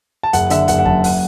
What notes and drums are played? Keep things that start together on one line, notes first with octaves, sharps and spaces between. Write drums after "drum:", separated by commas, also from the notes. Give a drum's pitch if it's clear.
A5
F#1 F#5, drum: hi-hat
D3 E5, drum: hi-hat
F#1 F#5, drum: hi-hat
F#5
F#2 A5, drum: kick E2
F#5, drum: open hi-hat